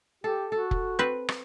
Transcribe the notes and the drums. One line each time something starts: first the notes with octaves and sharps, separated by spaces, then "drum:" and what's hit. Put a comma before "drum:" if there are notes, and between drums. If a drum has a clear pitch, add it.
G4 A4
F#4 A4
drum: kick
C4 B4
drum: rim click